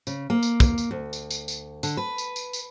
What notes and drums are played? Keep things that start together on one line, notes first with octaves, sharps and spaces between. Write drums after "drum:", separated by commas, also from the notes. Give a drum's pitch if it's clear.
C#3, drum: tambourine
A#3
drum: tambourine
drum: kick, tambourine
drum: tambourine
D2
drum: tambourine
drum: tambourine
drum: tambourine
D3, drum: tambourine
B4
drum: tambourine
drum: tambourine
drum: tambourine